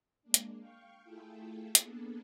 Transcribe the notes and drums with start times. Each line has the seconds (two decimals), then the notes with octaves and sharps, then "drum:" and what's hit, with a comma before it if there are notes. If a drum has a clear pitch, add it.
0.23 G#3 A#3 D4
0.34 drum: hi-hat
0.59 F5 G5 C#6
1.04 A3 E4 F4 G#4 A4 G5
1.75 A#3 B3 D4 G#4 A4, drum: hi-hat